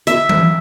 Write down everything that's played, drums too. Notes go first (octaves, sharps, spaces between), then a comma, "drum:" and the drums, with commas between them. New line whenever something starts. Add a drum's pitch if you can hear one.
E5, drum: hi-hat
drum: tom E3